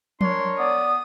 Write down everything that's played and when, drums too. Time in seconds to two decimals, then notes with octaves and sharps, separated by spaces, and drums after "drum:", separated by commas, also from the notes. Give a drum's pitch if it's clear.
0.21 D4 A#4 C#5 C6, drum: tom F3
0.59 B3 D5 D#6